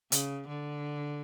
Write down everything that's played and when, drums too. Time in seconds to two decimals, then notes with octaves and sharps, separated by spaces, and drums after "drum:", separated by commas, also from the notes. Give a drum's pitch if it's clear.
0.12 C#3, drum: hi-hat
0.48 D3